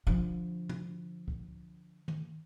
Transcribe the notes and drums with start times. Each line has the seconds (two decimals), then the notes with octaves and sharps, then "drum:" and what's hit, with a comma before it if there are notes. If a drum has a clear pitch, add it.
0.07 D3 F3
0.69 drum: tom
1.28 drum: kick C#2
2.08 drum: tom